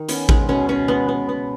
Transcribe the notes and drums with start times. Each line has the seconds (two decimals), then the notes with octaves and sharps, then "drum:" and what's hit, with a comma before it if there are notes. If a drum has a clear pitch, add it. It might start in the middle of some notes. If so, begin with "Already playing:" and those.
Already playing: D#3
0.09 B3 C#4, drum: hi-hat
0.29 G#3, drum: kick A1
0.49 B2 C#4
0.69 B2 C#4
0.88 G#3 B3
1.09 B3
1.29 B3